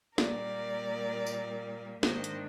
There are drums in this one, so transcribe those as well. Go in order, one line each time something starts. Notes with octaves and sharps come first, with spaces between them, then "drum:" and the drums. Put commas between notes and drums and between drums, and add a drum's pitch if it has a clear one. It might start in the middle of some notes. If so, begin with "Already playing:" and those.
A#2 G3 A#3 A#4 D5, drum: snare
drum: tambourine
G#2 D#3 A#3 D4 C5 D#5, drum: snare
drum: hi-hat